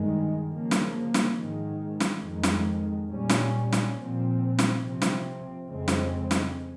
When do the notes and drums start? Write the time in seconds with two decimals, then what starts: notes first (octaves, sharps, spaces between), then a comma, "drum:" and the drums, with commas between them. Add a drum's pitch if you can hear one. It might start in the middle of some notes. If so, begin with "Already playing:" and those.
Already playing: G2 D#3 G#3
0.49 C#3 F3 A#3
0.71 drum: snare
1.14 drum: snare
1.36 G#2 D#3 G#3
2.00 drum: snare
2.22 F2 D#3 G#3
2.43 drum: snare
3.08 A#2 G3 C#4
3.29 drum: snare
3.72 drum: snare
3.94 A#2 F3 C4
4.59 drum: snare
4.80 C3 F3 C4
5.02 drum: snare
5.67 F2 C#3 G#3 C4
5.88 drum: snare
6.31 drum: snare